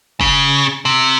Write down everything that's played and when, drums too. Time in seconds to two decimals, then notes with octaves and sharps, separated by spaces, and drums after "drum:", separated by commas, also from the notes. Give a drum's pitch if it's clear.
0.21 C#3, drum: kick
0.85 C3